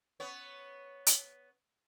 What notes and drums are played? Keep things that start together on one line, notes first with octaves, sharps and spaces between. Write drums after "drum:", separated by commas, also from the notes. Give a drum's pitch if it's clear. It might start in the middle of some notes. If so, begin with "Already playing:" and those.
B3 C#5
drum: hi-hat